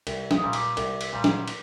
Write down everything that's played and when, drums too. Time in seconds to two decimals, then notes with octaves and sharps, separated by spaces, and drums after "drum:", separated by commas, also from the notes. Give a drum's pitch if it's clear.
0.07 C2, drum: cymbal
0.31 D#6, drum: snare
0.42 A#2 G3
0.53 D6, drum: cymbal
0.77 C2, drum: cymbal
1.01 drum: cymbal
1.13 A#2 G3
1.24 drum: snare
1.48 drum: cymbal